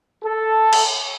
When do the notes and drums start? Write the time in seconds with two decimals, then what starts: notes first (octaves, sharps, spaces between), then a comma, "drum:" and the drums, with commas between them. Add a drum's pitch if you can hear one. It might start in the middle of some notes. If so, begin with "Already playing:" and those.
0.23 A4
0.73 drum: cymbal